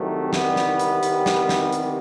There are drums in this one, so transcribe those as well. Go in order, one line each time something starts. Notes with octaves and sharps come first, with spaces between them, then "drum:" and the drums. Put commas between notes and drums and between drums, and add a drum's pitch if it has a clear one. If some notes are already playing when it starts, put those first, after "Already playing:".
Already playing: C2 C3 D#3 F#3 A3
G3 B3, drum: snare
drum: snare
drum: hi-hat
drum: hi-hat
drum: snare
drum: snare
drum: hi-hat